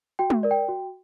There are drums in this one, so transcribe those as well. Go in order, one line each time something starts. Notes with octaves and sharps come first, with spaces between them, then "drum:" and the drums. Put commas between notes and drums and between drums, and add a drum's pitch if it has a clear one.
F#4 G5
drum: tom G#3
A#4 D5
G5
F#4